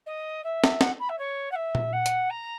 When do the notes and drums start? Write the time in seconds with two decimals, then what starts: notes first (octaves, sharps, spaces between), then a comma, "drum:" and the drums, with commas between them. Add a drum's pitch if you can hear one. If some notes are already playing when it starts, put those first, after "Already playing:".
0.06 D#5
0.44 E5
0.64 drum: snare
0.81 F#5, drum: snare
0.99 B5
1.09 E5
1.18 C#5
1.51 F#5
1.55 E5
1.75 drum: tom A#2
1.92 F#5
2.06 drum: hi-hat
2.30 A#5